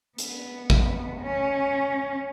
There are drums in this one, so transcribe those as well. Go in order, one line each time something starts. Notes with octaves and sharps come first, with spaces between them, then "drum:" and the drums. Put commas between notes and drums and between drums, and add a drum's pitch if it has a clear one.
B3, drum: hi-hat
drum: kick A1
C#4